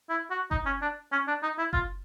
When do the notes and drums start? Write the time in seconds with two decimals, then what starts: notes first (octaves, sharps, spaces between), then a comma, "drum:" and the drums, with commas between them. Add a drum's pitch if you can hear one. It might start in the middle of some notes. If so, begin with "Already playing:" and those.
0.10 E4
0.30 F#4
0.51 D#4, drum: kick F#1
0.66 C#4
0.82 D4
1.12 C#4
1.28 D4
1.43 D#4
1.58 E4
1.73 F4, drum: kick F#1